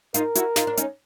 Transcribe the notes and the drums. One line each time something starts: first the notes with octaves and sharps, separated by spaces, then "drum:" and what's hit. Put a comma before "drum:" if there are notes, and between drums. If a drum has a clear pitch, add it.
D#4 F4 A#4, drum: hi-hat
E4 F#4, drum: hi-hat
D#4 F4, drum: snare
D4
C#4 D#4, drum: hi-hat